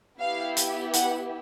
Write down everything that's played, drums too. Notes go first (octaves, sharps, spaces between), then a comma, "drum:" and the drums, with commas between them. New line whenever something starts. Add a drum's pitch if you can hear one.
B3 E4 G4 F5
drum: hi-hat
F#5, drum: hi-hat